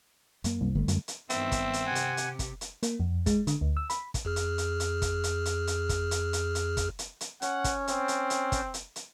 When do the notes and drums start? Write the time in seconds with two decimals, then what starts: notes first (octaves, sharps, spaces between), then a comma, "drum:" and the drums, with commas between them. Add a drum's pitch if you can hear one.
0.44 F#2 A#3, drum: hi-hat
0.61 C2
0.75 G1 D3 G3 A3
0.88 F#2, drum: hi-hat
1.08 drum: hi-hat
1.30 G2 D#3 B3 C4 E5, drum: hi-hat
1.52 drum: kick, hi-hat
1.73 drum: hi-hat
1.86 C3 G4 F#5 G#5
1.95 drum: hi-hat
2.17 drum: hi-hat
2.39 drum: kick, hi-hat
2.61 drum: hi-hat
2.83 A#3, drum: hi-hat
3.00 F2
3.26 G#3, drum: kick, hi-hat
3.47 D3, drum: hi-hat
3.61 D2
3.77 E6
3.90 B5, drum: hi-hat
4.14 drum: kick, hi-hat
4.25 F2 G#4 F6
4.36 drum: hi-hat
4.58 drum: hi-hat
4.80 drum: hi-hat
5.02 drum: kick, hi-hat
5.24 drum: hi-hat
5.45 drum: hi-hat
5.67 drum: hi-hat
5.89 drum: kick, hi-hat
6.11 drum: hi-hat
6.33 drum: hi-hat
6.55 drum: hi-hat
6.77 drum: kick, hi-hat
6.99 drum: hi-hat
7.21 drum: hi-hat
7.42 C#4 F#5, drum: hi-hat
7.64 drum: kick, hi-hat
7.88 C4, drum: hi-hat
8.08 drum: hi-hat
8.30 drum: hi-hat
8.52 drum: kick, hi-hat
8.74 drum: hi-hat
8.96 drum: hi-hat